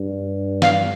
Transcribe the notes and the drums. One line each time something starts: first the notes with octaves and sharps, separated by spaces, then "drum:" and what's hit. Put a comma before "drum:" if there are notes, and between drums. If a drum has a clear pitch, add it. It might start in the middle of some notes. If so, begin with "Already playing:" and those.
Already playing: G2
F5, drum: snare